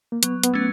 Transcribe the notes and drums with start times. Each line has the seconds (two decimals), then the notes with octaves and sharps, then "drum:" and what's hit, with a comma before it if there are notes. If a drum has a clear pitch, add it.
0.12 A#3
0.23 F#3 B3, drum: hi-hat
0.43 B3, drum: hi-hat
0.54 A3 C#4